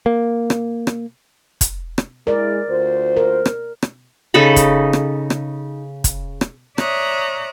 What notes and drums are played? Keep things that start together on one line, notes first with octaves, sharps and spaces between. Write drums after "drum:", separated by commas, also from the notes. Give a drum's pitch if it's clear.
A#3
drum: rim click
drum: rim click
drum: kick, hi-hat
drum: rim click
G#3 E4 A#4 D5
D2 F4 C5
A#4
drum: rim click
drum: rim click
C#3 D#4 A4 B5
drum: kick, hi-hat
drum: rim click
drum: rim click
drum: kick, hi-hat
drum: rim click
C#5 D5 E5 A#5 D#6 F#6, drum: rim click